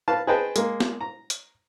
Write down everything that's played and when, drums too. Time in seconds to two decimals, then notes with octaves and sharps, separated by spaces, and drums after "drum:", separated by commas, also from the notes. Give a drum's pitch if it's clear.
0.08 B4 F5 A5
0.27 G#4 B4 C5 D#5 G5 A5
0.56 G#3 A#3, drum: hi-hat
0.80 drum: snare
1.01 A#5
1.30 drum: hi-hat